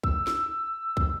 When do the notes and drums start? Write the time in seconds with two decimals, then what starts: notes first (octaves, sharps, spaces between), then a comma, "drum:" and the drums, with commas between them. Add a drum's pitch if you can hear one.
0.03 E6, drum: kick
0.27 drum: snare
0.97 drum: kick